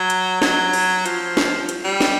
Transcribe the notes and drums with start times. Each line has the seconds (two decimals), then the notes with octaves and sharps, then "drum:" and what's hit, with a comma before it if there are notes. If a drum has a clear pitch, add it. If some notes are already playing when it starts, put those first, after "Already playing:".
Already playing: F#3
0.10 drum: hi-hat
0.42 F#3, drum: snare
0.73 drum: open hi-hat
1.06 F3, drum: hi-hat
1.37 drum: snare
1.69 drum: hi-hat
1.84 G3
2.00 drum: snare